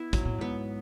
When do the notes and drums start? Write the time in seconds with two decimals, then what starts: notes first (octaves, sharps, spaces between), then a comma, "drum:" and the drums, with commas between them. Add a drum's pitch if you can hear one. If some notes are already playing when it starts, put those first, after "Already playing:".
Already playing: B3 E4
0.13 G#2 F#3, drum: kick, hi-hat
0.25 A2
0.38 G#2 B3